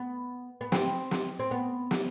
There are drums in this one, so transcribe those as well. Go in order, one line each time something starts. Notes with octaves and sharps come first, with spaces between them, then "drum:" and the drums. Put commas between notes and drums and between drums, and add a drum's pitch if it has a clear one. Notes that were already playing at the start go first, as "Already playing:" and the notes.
Already playing: B3
B3
C4, drum: snare
drum: snare
C4
B3
drum: snare